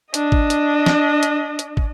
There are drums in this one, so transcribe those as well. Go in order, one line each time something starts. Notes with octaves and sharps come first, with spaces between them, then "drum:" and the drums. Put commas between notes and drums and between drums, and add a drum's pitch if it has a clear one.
D4 D#5, drum: hi-hat
drum: kick
drum: hi-hat
drum: snare
drum: hi-hat
drum: hi-hat
drum: kick